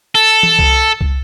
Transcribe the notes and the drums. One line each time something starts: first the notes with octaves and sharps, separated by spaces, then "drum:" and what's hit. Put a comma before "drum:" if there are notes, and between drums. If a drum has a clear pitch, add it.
A4
drum: tom E3
drum: kick C2
drum: kick C2